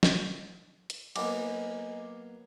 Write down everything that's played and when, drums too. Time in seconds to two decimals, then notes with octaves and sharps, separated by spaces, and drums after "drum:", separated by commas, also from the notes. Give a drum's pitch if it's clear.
0.03 drum: snare
0.90 drum: hi-hat
1.16 F#3 A#3 B3 D#5 G#5 D6, drum: cymbal